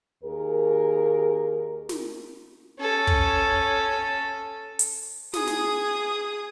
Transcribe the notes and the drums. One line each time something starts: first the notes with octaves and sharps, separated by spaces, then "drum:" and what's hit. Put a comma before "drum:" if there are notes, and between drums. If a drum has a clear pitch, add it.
D#2 G#4 A#4
drum: snare
C#4 A4
drum: kick
drum: hi-hat
G#4 D#6, drum: snare
drum: snare